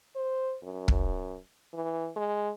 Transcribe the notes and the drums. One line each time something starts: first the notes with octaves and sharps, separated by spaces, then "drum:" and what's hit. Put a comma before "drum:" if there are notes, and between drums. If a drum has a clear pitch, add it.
C5
F#2
drum: kick
E3
G#3